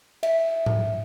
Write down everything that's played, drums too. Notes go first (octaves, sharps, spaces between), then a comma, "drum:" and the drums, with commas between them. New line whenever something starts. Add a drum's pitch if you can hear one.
E5, drum: cymbal
drum: tom G#2